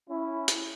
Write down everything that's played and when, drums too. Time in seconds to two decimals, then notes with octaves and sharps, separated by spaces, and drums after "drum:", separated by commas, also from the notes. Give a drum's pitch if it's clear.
0.10 C#4 E4
0.48 drum: hi-hat